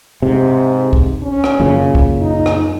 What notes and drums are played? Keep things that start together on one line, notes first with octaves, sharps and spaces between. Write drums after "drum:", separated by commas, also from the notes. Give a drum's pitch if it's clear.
G#2 C3
drum: kick
C#4
drum: rim click
F#2 A#2 C#3
drum: kick
D#4
drum: rim click